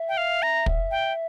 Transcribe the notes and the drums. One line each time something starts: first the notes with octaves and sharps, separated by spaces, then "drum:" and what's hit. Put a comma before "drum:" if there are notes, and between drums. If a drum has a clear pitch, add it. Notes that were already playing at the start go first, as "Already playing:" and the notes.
Already playing: E5
G5
F5
A#5
drum: kick
G5